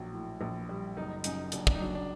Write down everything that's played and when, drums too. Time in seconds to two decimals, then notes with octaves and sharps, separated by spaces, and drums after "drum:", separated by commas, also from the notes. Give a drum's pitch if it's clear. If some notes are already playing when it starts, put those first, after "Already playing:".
Already playing: A#1 F#3
0.13 A2
0.41 A#1
0.69 G3
0.97 F#1 D#4
1.24 F#2 D#4, drum: hi-hat
1.52 F#1 D4, drum: hi-hat
1.67 D4, drum: kick
1.75 D#4
1.80 F#3 D4
1.95 D4